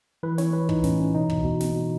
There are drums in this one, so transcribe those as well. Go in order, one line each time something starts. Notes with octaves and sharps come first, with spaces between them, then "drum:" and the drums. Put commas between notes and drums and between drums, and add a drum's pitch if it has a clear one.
E3 B4
E3 C#5, drum: snare
E3 B4
E3 D#4, drum: kick
A2 C#4, drum: snare
E3 C#4
B2 D#4
B2, drum: kick
B2
B2, drum: snare
B2